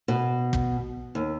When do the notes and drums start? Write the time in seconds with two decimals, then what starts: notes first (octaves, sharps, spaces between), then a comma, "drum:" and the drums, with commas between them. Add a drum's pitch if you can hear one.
0.08 B2
0.53 drum: kick
1.15 D#2